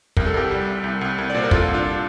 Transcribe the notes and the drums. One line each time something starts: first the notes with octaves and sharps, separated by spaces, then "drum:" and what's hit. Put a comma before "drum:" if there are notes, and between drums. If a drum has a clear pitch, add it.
C2 A#4, drum: kick
A4
C2 G4 A#4
G3
C2
C2
C2
C2
D5
A#2 C5
A#4
C2 F4 A4, drum: kick
C2
D4 F4